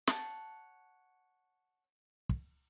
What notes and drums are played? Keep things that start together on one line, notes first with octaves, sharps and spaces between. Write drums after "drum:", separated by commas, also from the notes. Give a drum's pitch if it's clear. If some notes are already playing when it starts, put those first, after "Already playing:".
C#5 F#5 A5, drum: snare
drum: kick